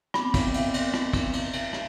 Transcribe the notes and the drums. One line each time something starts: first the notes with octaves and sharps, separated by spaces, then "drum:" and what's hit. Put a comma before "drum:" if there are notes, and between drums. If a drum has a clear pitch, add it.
B3 C4 B5 D6, drum: rim click
drum: kick, cymbal
drum: cymbal
drum: cymbal
drum: rim click
drum: kick, cymbal
drum: cymbal
drum: cymbal
drum: rim click